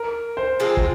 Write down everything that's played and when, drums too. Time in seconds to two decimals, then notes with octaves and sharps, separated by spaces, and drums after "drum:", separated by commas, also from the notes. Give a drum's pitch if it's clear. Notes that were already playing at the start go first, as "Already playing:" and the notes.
Already playing: A#4
0.37 C5
0.60 F3 G#3 C4 F4
0.77 drum: kick